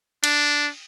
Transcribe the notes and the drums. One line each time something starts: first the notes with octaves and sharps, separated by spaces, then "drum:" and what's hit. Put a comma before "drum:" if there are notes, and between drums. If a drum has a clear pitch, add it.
D4, drum: cymbal